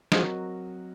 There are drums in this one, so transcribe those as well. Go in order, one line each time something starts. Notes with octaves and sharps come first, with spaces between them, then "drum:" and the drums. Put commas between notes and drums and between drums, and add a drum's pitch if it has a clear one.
F3 F#3 G#3 C4 F#4 A#4 D#5, drum: snare